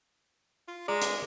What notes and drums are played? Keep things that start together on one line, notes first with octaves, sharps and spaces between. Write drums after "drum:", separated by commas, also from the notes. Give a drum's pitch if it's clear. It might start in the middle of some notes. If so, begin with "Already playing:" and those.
F4
G#3 D5 A#5
drum: hi-hat